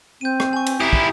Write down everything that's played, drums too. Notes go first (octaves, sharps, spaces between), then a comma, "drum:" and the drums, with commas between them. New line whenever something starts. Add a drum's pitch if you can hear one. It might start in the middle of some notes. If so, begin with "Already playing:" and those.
C4 G6 D#7
drum: rim click
G#5 C#6
drum: cymbal
E4 G4 A#5 D#6
drum: kick